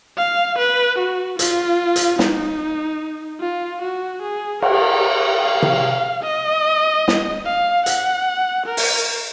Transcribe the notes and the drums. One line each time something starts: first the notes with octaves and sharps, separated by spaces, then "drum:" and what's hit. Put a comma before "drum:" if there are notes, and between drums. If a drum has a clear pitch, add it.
F5
B4
F#4
F4, drum: hi-hat
drum: hi-hat
D#4, drum: snare
F4
F#4
G#4
A#4, drum: cymbal
F5
drum: tom C3
D#5
drum: snare
F5
F#5, drum: hi-hat
A#4
drum: open hi-hat